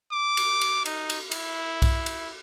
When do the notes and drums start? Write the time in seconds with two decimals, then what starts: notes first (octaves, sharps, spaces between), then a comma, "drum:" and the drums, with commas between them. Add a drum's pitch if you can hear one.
0.11 D6
0.37 drum: cymbal
0.61 drum: cymbal
0.85 D#4, drum: cymbal
1.10 drum: cymbal
1.31 E4, drum: cymbal
1.82 drum: kick B1, cymbal
2.06 drum: cymbal